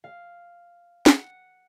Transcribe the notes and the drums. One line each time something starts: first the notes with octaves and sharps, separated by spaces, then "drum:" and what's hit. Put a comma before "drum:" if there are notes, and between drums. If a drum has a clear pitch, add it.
F5
F#5, drum: snare